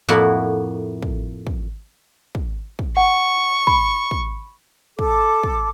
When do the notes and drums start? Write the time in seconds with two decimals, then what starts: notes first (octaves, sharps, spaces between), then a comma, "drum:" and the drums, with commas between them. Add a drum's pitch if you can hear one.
0.08 F2 A2 A#3 E4 F#4 B5
1.02 drum: kick
1.47 drum: kick
2.35 drum: kick
2.79 drum: kick
2.97 F#5 C#6
3.67 B5, drum: kick
4.11 drum: kick
4.99 A4 D6, drum: kick
5.43 drum: kick